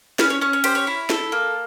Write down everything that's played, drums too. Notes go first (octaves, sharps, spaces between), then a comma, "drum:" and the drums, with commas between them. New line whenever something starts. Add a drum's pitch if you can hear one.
C#4 B4, drum: snare
C#5
C#4 C#5
C#5
G4 C5, drum: cymbal
C#5
E4
A4, drum: snare
A#3